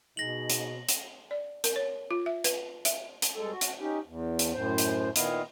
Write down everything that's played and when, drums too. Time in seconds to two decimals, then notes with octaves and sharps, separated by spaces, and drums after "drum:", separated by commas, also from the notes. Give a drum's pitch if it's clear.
0.17 B2 D#4 G#4 A#6 F#7
0.50 drum: hi-hat
0.89 drum: hi-hat
1.31 D5
1.64 A#4, drum: hi-hat
1.76 C#5
2.11 F4
2.26 E5
2.44 B4, drum: hi-hat
2.85 E5, drum: hi-hat
3.22 drum: hi-hat
3.36 G2 G#3 A4
3.51 F#4
3.61 drum: hi-hat
3.81 C#4 D#4 G4
4.07 E2
4.39 drum: hi-hat
4.54 F#2 A2 C5
4.78 drum: hi-hat
5.16 A#2 D#3 B3 E4 D#5 F5, drum: hi-hat